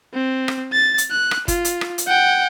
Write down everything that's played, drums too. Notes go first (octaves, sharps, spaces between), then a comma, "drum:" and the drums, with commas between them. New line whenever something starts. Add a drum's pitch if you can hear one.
C4
drum: rim click
A6
drum: hi-hat
F#6
drum: rim click
F4, drum: kick, hi-hat
drum: hi-hat
drum: rim click
drum: hi-hat
F#5 G5